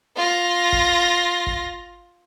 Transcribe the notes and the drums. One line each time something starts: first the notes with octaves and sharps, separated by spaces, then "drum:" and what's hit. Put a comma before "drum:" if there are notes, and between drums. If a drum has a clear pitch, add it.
F4 A#6
drum: kick G#1
drum: kick G#1